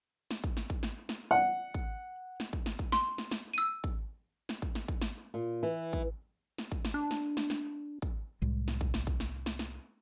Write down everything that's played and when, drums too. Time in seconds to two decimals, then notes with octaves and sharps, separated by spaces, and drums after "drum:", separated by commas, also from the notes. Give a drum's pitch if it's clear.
0.31 drum: snare
0.44 drum: kick
0.57 drum: snare
0.70 drum: kick
0.83 drum: snare
1.09 drum: snare
1.31 F#5
1.74 drum: kick
2.40 drum: snare
2.53 drum: kick
2.66 drum: snare
2.79 drum: kick
2.92 C6, drum: snare
3.18 drum: snare
3.31 drum: snare
3.53 E6 D#7
3.84 drum: kick
4.49 drum: snare
4.62 drum: kick
4.75 drum: snare
4.88 drum: kick
5.01 drum: snare
5.34 A#2
5.63 E3
5.93 drum: kick
6.58 drum: snare
6.72 drum: kick
6.85 drum: snare
6.94 D4
7.11 drum: snare
7.37 drum: snare
7.50 drum: snare
8.02 drum: kick
8.42 C2 A2 G#3
8.68 drum: snare
8.81 drum: kick
8.94 drum: snare
9.07 drum: kick
9.20 drum: snare
9.46 drum: snare
9.59 drum: snare